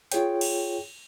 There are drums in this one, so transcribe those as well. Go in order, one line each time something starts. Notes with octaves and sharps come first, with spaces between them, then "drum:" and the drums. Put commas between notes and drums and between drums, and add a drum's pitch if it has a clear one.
F4 G#4 C#5 G5, drum: hi-hat
drum: cymbal